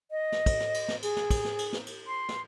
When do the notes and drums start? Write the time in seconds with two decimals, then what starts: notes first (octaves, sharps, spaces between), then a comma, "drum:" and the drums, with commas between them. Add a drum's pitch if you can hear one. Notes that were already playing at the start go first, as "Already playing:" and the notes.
0.11 D#5
0.32 drum: snare
0.46 drum: kick, cymbal
0.60 drum: snare
0.74 drum: cymbal
0.88 drum: snare
1.02 G#4, drum: cymbal
1.16 drum: snare
1.30 drum: kick, cymbal
1.44 drum: snare
1.59 drum: cymbal
1.73 drum: snare
1.87 drum: cymbal
2.07 C6
2.29 drum: snare